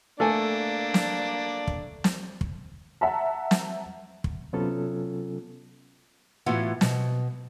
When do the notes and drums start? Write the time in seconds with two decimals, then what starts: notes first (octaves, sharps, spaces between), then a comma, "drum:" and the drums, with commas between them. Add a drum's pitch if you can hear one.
0.20 A3 A#3 D4 A4 D5 G#5
0.94 drum: snare
1.67 drum: kick
2.04 drum: snare
2.41 drum: kick
3.01 E5 F#5 A5 A#5
3.51 drum: snare
4.24 drum: kick
4.53 C3 F#3 B3 C#4 F4 A4
6.46 A2 E3 B3 F4 F#4 F#5
6.81 B2, drum: snare